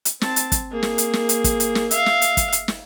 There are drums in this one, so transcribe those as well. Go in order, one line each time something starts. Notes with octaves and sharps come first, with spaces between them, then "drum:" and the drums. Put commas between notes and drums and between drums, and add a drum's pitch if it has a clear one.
drum: hi-hat
C4 A5, drum: snare
drum: hi-hat
drum: kick, hi-hat
A#3 G#4
drum: snare
drum: hi-hat
drum: snare
drum: hi-hat
drum: kick, hi-hat
drum: hi-hat
drum: snare
E5 F5, drum: hi-hat
drum: snare
drum: hi-hat
drum: kick, hi-hat
drum: hi-hat
drum: snare